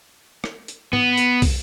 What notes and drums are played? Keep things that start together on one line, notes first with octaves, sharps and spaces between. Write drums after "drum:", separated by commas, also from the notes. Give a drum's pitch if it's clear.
drum: rim click
drum: hi-hat
B3, drum: tom G#2
drum: hi-hat
drum: kick, open hi-hat